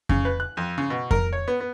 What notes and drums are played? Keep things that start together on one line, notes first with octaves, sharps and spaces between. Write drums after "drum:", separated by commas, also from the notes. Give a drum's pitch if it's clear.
C#3, drum: kick F2
B4
F#6
F2
C#3
B2
A#4, drum: kick F2
C#5
B3
B3